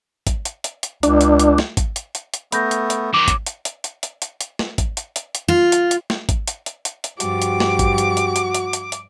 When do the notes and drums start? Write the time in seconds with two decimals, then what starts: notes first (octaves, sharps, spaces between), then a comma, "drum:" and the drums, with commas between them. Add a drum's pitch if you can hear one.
0.27 drum: kick G#1, hi-hat
0.45 drum: hi-hat
0.64 drum: hi-hat
0.83 drum: hi-hat
1.03 C#2 D4, drum: hi-hat
1.21 drum: hi-hat
1.39 drum: hi-hat
1.58 drum: snare
1.77 drum: kick G#1, hi-hat
1.96 drum: hi-hat
2.15 drum: hi-hat
2.34 drum: hi-hat
2.52 A3 B3 B5 G6 A#6, drum: hi-hat
2.71 drum: hi-hat
2.90 drum: hi-hat
3.14 D#3 F#3 D6
3.28 drum: kick G#1, hi-hat
3.46 drum: hi-hat
3.65 drum: hi-hat
3.84 drum: hi-hat
4.03 drum: hi-hat
4.22 drum: hi-hat
4.41 drum: hi-hat
4.59 drum: snare
4.78 drum: kick G#1, hi-hat
4.97 drum: hi-hat
5.16 drum: hi-hat
5.35 drum: hi-hat
5.48 F4
5.72 drum: hi-hat
5.91 drum: hi-hat
6.10 drum: snare
6.29 drum: kick G#1, hi-hat
6.48 drum: hi-hat
6.66 drum: hi-hat
6.85 drum: hi-hat
7.04 drum: hi-hat
7.20 G2 F3 F#4 G4 D6, drum: hi-hat
7.42 drum: hi-hat
7.60 drum: snare
7.79 drum: kick G#1, hi-hat
7.98 drum: hi-hat
8.17 drum: hi-hat
8.36 drum: hi-hat
8.54 drum: hi-hat
8.73 drum: hi-hat
8.92 drum: hi-hat